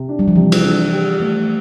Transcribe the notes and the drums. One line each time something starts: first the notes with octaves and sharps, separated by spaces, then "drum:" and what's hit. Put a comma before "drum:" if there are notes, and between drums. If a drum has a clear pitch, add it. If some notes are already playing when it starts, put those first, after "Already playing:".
Already playing: C3
D4
G3
F3
C3 E3
drum: cymbal
D4
G4
A3